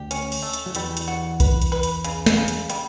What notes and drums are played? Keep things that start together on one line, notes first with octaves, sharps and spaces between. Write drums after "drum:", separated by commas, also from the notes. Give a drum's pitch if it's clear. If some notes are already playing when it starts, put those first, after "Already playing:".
Already playing: D2 D3 G4
C#4, drum: hi-hat
drum: open hi-hat
A3
drum: hi-hat
F#3
E2 E3 G3, drum: hi-hat
drum: hi-hat
F#4
B4, drum: kick B1, hi-hat
drum: hi-hat
B4
drum: hi-hat
C#3, drum: hi-hat
drum: snare
C#3
drum: hi-hat
G3, drum: hi-hat